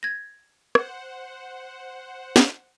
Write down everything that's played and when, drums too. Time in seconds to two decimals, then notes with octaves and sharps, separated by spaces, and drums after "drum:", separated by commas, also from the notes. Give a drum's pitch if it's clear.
0.03 G#6 A#6
0.75 C5 F#5, drum: rim click
2.36 drum: snare